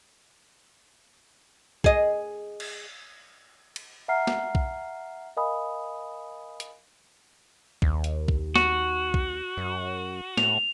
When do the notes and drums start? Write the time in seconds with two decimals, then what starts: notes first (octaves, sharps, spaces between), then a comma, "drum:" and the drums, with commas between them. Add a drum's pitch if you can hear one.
1.84 G#4 D#5, drum: kick B1
2.60 drum: cymbal
3.76 drum: cymbal
4.08 E5 F#5 A#5 F6 C7
4.27 drum: snare
4.55 drum: kick B1
5.37 A#4 D#5 F5 G#5 B5 D#6
6.60 drum: hi-hat
7.82 D#2, drum: kick B1
8.04 drum: hi-hat
8.28 drum: kick B1
8.56 F#4, drum: snare
9.14 drum: kick B1
9.57 F#2
10.37 A2 F7, drum: snare